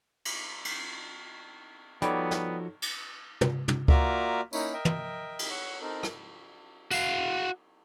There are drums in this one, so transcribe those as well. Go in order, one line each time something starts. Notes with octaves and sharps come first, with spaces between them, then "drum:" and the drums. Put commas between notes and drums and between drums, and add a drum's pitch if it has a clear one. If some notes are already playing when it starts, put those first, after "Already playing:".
drum: cymbal
drum: cymbal
F3 G3 B3 D#4 F#4 A4 C#5 D6, drum: hi-hat
drum: snare
drum: cymbal
drum: tom
drum: tom
A#3 F4 F#4 D5 E5 A#5, drum: kick C#2
A#3 C#4 D#4 E4 C#5 B5, drum: tambourine
A#4 D#5 E5 G5
drum: tom
drum: cymbal
C#5 F#5 C#6 E6
C4 D#4 A4 A#4
drum: rim click
F#4 F5, drum: tambourine